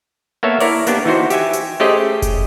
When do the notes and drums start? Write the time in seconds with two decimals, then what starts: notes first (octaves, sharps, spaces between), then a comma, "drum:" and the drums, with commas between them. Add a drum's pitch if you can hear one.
0.43 A#3 B3 A4 C#5 E5 F5
0.60 E4 A#4 C#5 D5, drum: open hi-hat
0.87 A#3 B3 D4 G4, drum: hi-hat
1.05 E3 D#4 F#4 C5
1.30 G4 E5 G#5, drum: hi-hat
1.53 drum: hi-hat
1.80 A3 C#4 G4 G#4 C5 D#5
2.22 drum: kick F1, hi-hat